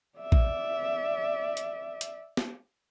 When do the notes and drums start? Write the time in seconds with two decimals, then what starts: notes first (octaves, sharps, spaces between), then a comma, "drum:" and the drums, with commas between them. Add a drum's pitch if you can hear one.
0.18 D5 E5
0.32 drum: kick
1.57 drum: hi-hat
2.01 drum: hi-hat
2.37 drum: snare